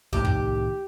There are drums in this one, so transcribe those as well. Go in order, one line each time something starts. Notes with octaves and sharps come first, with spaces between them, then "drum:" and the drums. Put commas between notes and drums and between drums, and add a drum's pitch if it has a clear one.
C2 A2 D#3 G4
drum: kick